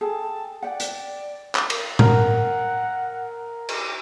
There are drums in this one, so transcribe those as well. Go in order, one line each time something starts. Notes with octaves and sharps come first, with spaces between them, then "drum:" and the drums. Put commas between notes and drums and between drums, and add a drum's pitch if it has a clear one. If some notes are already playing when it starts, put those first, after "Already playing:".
G#4 A4 G5 A5
D5 F#5 G5
drum: hi-hat
drum: clap
A#4, drum: cymbal
A#4 F#5, drum: tom A2
drum: cymbal